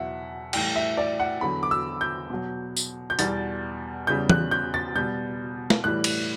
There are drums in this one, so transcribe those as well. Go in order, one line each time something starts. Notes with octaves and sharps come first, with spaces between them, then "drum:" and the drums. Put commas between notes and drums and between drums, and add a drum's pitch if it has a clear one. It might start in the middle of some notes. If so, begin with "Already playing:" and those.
Already playing: E2 B2 F#3 E5 F#5
A2 E3 G3 G5, drum: cymbal
E5
D5
F#5
E2 D3 F#3 B5
D6
E6
G6
B2 F#3
drum: tambourine
G6
E2 B2 G3 A6, drum: hi-hat
E2 C#3 G3 G6
F#6, drum: tom
G6
A6
B2 G3 G6
drum: snare
A2 E3 G3 F#6
drum: cymbal